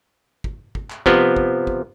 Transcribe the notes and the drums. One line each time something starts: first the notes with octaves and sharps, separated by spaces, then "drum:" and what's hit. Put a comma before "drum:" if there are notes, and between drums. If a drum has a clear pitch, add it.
drum: kick
drum: kick
drum: clap
C3 F3 B3, drum: kick
drum: kick
drum: kick